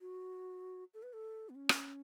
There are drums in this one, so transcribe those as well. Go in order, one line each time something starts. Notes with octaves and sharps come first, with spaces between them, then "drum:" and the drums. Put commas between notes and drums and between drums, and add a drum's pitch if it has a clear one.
F#4
A4
B4
A4
B3
C#4
drum: rim click